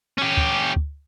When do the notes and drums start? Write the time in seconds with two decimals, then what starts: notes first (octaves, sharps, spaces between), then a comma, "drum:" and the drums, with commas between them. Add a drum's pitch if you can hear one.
0.18 C#4 G4
0.37 drum: kick
0.76 drum: kick